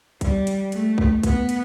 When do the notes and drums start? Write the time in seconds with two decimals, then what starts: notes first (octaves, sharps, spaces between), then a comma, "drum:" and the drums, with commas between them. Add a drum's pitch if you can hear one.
0.21 G3, drum: kick, hi-hat
0.47 drum: hi-hat
0.72 A3, drum: hi-hat
0.98 drum: kick
1.23 B3, drum: kick, hi-hat
1.49 drum: hi-hat